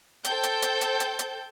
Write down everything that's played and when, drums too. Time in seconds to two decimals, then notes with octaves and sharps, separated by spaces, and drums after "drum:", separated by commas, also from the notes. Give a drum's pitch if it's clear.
0.24 A4 C5 G5 A5 G6, drum: hi-hat
0.43 drum: hi-hat
0.62 drum: hi-hat
0.81 drum: hi-hat
1.00 drum: hi-hat
1.19 drum: hi-hat